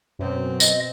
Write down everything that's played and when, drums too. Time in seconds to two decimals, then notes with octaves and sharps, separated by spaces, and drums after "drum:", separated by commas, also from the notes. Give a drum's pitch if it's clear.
0.19 F#2 B2 C4
0.60 D#5, drum: tambourine